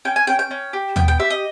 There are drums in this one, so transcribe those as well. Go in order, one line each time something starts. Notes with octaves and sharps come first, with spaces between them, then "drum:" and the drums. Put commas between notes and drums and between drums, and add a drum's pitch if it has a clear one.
C#4 G5
G#5
C#4 G5
G5
C#4
G4
B3 G5, drum: tom D#2
G5
G4 E5
D#5